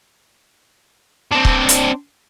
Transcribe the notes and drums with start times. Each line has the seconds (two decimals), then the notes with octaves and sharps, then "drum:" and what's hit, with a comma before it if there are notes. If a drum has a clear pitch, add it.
1.32 C4 D4
1.45 drum: kick C#1
1.69 drum: hi-hat